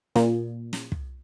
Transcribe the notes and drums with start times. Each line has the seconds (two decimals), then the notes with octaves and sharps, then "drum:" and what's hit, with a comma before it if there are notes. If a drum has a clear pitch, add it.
0.16 A#2, drum: snare
0.73 drum: snare
0.92 drum: kick